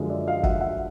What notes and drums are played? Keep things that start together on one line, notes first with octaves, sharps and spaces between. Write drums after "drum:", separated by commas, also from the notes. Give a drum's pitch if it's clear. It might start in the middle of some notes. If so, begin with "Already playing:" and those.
Already playing: F#2 D3 F3 G#3
D5 E5
D#5 F5
E5 F#5, drum: kick
E5 F#5